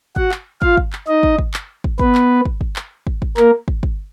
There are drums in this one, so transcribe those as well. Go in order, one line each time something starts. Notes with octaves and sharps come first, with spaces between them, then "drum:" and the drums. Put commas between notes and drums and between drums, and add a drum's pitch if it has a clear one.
F#4 F#5, drum: kick
drum: clap
F4 F5, drum: kick
drum: kick
drum: clap
D#4 D#5
drum: kick
drum: kick
drum: clap
drum: kick
B3 B4, drum: kick
drum: clap
drum: kick
drum: kick
drum: clap
drum: kick
drum: kick
A#3 A#4, drum: clap
drum: kick
drum: kick